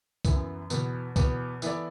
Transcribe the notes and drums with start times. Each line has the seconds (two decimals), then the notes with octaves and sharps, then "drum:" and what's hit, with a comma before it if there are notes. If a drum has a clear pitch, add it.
0.25 F#2 E3 B3, drum: kick C2, tambourine
0.70 E2 B2 B3, drum: tambourine
1.16 E2 B2 B3, drum: kick C2, tambourine
1.62 E3 B3 E4 A4 D5, drum: tambourine